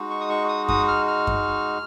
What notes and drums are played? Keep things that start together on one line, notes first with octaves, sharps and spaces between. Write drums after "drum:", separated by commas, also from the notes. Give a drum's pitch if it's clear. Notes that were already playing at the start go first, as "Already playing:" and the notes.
Already playing: G#3 D#4 F#4
C#6
D#6
C#6
D#6
D#6, drum: kick F#2
F6
F6
drum: kick F#2